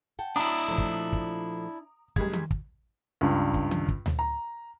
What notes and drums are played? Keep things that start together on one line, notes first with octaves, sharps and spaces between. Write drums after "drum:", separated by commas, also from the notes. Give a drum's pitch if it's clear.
F#5 G5 A5
D4 E4 A#5 D6 D#6
A#2 F3 A3
drum: kick
drum: kick
F#1 G3 G#3 G#6, drum: kick
drum: tom D#3
drum: kick
C#2 G2
drum: kick
drum: tom D#3
drum: kick
drum: tom D2
A#5